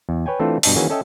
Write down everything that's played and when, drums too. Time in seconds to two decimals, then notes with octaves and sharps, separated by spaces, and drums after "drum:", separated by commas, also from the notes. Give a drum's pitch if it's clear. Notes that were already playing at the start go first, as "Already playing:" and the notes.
0.09 E2
0.26 B4 C#5 G5 G#5
0.40 E3 A3 C4 D4 F4 A4
0.63 G2 B2 D4 D#5 G#5 A5, drum: open hi-hat
0.76 D#3 E3 A#3 C#4 F#4 G#4
0.90 C#4 A4 D#5 E5 G5